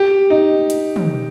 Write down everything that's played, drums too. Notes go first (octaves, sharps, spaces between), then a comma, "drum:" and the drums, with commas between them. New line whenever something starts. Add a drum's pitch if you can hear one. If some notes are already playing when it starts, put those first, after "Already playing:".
Already playing: G4
D#4
drum: hi-hat
drum: tom